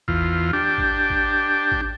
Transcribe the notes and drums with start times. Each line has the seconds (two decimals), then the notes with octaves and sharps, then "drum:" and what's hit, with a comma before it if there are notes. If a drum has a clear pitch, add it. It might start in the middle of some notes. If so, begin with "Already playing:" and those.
0.08 E2 F4, drum: kick
0.53 D4 G4
0.78 drum: kick
1.10 drum: kick
1.72 drum: kick